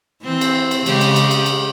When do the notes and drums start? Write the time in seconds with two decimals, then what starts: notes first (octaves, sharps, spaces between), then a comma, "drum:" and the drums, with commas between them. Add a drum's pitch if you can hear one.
0.22 E3 C4
0.41 drum: cymbal
0.71 drum: cymbal
0.86 C#3 G#3 G4, drum: cymbal
1.01 drum: cymbal
1.16 drum: cymbal
1.31 drum: cymbal
1.46 drum: cymbal